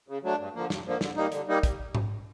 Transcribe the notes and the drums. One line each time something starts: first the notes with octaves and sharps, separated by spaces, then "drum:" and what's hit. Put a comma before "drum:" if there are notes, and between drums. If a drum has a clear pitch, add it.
C#3
F#3 A3 D4
G2
D3 F3 A#3
G2, drum: snare
D3 F3 A#3
D3, drum: snare
G3 A#3 D#4
D3, drum: hi-hat
G3 A#3 D#4
drum: kick, hi-hat
drum: tom G#2